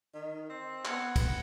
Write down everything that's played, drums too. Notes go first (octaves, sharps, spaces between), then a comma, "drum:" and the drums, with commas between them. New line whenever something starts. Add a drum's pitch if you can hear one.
D#3
C4
B3 F#6 G#6 C#7, drum: clap
drum: kick, cymbal